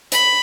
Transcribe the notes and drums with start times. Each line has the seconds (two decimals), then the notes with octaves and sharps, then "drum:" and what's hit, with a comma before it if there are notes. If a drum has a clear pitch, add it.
0.12 B5, drum: hi-hat